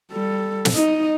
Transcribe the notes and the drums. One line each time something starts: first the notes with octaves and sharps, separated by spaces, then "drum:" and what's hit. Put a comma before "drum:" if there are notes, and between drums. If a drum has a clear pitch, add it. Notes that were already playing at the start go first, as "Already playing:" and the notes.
G3 A4
drum: snare
D#4 D#5